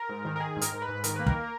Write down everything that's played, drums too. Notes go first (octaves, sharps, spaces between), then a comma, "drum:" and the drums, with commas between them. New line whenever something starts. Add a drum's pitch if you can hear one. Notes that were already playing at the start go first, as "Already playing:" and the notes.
Already playing: A#4
G#2
D#3
A#4
D#3 G#4
G#2
A#4, drum: hi-hat
G#2
B4
G#2
D#3 A#4, drum: hi-hat
A#3 B4
A#4, drum: kick